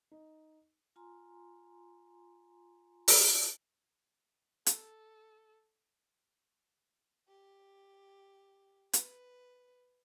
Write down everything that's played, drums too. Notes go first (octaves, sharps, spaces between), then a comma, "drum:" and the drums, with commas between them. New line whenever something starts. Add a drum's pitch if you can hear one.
D#4
F4 G#5 A#5 C6
drum: open hi-hat
A4, drum: hi-hat
G4
B4, drum: hi-hat